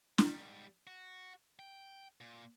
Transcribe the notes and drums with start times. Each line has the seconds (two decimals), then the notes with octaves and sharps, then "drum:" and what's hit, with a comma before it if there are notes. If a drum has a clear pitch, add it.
0.18 G#2 G3, drum: snare
0.87 F#4
1.59 G5
2.21 A#2